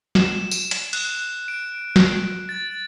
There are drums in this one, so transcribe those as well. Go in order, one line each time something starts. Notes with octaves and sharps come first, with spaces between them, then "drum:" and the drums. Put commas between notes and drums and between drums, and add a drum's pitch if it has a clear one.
E7, drum: snare
drum: tambourine
drum: hi-hat
F#6, drum: cymbal
D7
drum: snare
A6